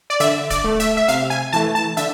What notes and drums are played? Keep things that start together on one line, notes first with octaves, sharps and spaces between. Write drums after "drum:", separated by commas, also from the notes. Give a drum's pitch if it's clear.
D5
D3 E5, drum: hi-hat
D5, drum: kick D1, hi-hat
A3
E5, drum: hi-hat
E5
C3 F5, drum: hi-hat
G#5
E3 A3 A5
A5
D3 E5, drum: hi-hat